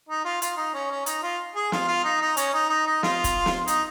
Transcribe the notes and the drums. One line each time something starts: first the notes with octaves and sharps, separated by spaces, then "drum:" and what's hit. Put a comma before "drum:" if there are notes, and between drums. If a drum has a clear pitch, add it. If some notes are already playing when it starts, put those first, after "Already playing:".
D#4
F4
F4, drum: hi-hat
D#4
C#4
C#4
D#4, drum: hi-hat
F4
G#4
F4, drum: snare
F4
D#4
D#4
C#4, drum: hi-hat
D#4
D#4
D#4
F4, drum: snare
drum: kick, hi-hat
drum: snare
D#4, drum: hi-hat